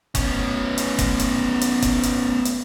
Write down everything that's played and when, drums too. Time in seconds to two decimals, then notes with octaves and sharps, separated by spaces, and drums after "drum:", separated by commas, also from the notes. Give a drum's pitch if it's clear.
0.15 B3 C#4, drum: kick F#1, hi-hat
0.78 drum: hi-hat
0.98 drum: kick F#1, hi-hat
1.19 drum: hi-hat
1.61 drum: hi-hat
1.82 drum: kick F#1, hi-hat
2.03 drum: hi-hat
2.45 drum: hi-hat